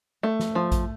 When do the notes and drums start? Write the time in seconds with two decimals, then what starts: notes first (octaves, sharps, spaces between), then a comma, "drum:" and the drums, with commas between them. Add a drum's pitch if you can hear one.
0.23 A3
0.39 drum: snare
0.55 F3
0.72 drum: kick A1, hi-hat